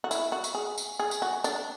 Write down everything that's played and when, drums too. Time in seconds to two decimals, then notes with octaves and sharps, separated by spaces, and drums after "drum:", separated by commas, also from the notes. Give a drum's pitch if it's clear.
0.04 F#4
0.11 E4, drum: tambourine
0.32 F#4
0.44 drum: tambourine
0.55 G#4
0.78 drum: tambourine
0.99 G#4
1.11 drum: tambourine
1.22 F#4
1.44 D4, drum: tambourine